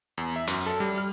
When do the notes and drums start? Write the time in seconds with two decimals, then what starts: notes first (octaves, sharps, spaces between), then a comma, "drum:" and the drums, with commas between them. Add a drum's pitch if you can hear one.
0.18 E2
0.36 E5
0.47 F#2, drum: hi-hat
0.66 A4
0.80 G3
0.98 F6